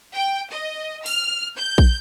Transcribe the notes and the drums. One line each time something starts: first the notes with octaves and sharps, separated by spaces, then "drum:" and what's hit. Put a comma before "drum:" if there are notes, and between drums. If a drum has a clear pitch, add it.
G5
D#5
F6, drum: open hi-hat
G6
drum: kick